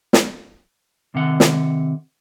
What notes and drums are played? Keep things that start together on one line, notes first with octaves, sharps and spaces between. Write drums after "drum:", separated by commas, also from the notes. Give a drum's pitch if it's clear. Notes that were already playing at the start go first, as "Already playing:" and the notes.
drum: snare
C3 D#3 F#5
drum: snare